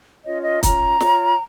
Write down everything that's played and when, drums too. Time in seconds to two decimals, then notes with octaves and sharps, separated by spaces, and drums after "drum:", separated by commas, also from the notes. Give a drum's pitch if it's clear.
0.25 C#4 F4 C#5 D#5
0.44 D#5
0.63 C#4 F4 C#5 A#5, drum: kick, hi-hat
1.00 F4 C#5, drum: snare